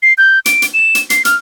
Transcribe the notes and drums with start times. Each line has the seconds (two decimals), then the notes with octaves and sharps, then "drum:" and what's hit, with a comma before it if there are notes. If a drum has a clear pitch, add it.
0.03 C7
0.18 G6
0.46 D7, drum: hi-hat
0.62 drum: hi-hat
0.74 E7
0.95 drum: hi-hat
1.10 C7, drum: hi-hat
1.25 F6, drum: hi-hat